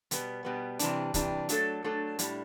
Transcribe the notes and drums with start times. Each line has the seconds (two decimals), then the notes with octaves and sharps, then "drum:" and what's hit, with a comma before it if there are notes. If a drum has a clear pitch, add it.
0.11 B2 G3 B3, drum: hi-hat
0.45 B2 G3 B3
0.79 C3 E3 G3 D4, drum: hi-hat
1.14 C3 E3 G3 D4, drum: kick, hi-hat
1.49 F#3 A3 D4 A4, drum: hi-hat
1.84 F#3 A3 D4 A4
2.19 A2 G3 D4, drum: hi-hat